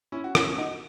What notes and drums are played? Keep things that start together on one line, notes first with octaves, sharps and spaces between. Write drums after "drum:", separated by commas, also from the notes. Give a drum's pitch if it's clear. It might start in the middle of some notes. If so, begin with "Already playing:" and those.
C#4 E4
F#4
C#4 E4, drum: rim click
D#4 F#4